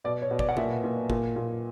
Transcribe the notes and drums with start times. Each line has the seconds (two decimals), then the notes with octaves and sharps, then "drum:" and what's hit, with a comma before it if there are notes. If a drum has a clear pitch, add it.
0.04 B2 D5
0.22 C#5
0.31 B2
0.39 D5, drum: kick
0.49 F#5
0.57 A#2 E5, drum: tom A#2
0.84 A#2
1.10 A#2, drum: kick
1.36 A#2